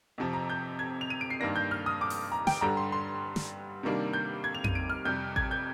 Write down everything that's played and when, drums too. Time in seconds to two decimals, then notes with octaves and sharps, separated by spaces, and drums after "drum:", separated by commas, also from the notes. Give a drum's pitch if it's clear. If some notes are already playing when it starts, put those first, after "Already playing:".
0.18 F2 C3 F3
0.33 A#5
0.50 G6
0.79 G#6
1.01 F7
1.10 D#7
1.21 D7
1.30 C7
1.40 G2 D#3 A#3 D4 A#6
1.56 G6
1.71 F6
1.86 D#6
2.01 D6
2.10 drum: open hi-hat
2.32 A#5
2.47 G5, drum: snare
2.61 G2 D3 G3 A#5
2.77 C6
2.92 C6
3.36 drum: snare
3.83 C3 D#3 G3 A#3 D4
4.13 G6
4.44 G#6
4.55 F7
4.64 D#7, drum: tom F2
4.75 D7
4.90 F6
5.05 F2 C3 G3 G6
5.36 G#6, drum: kick A1
5.51 G6